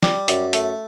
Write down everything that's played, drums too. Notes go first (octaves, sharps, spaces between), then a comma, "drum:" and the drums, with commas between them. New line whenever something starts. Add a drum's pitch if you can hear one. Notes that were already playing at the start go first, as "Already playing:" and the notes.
G3, drum: snare
F#2, drum: hi-hat
A3, drum: hi-hat